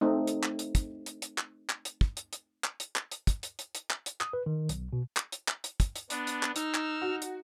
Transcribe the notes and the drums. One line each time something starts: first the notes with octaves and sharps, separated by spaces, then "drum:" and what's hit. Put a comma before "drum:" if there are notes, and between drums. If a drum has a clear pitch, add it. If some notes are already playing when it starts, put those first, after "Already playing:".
A3 C4 D#4
drum: hi-hat
drum: clap
drum: hi-hat
drum: kick, hi-hat
drum: hi-hat
drum: hi-hat
drum: clap
drum: clap
drum: hi-hat
drum: kick
drum: hi-hat
drum: hi-hat
drum: clap
drum: hi-hat
drum: clap
drum: hi-hat
drum: kick, hi-hat
drum: hi-hat
drum: hi-hat
drum: hi-hat
drum: clap
drum: hi-hat
D#6, drum: clap
B4
D#3
B1, drum: hi-hat
B2
drum: clap
drum: hi-hat
drum: clap
drum: hi-hat
drum: kick, hi-hat
drum: hi-hat
B3 D4, drum: hi-hat
drum: hi-hat
drum: clap
D#4 E6 F6, drum: hi-hat
drum: clap
F#4
drum: hi-hat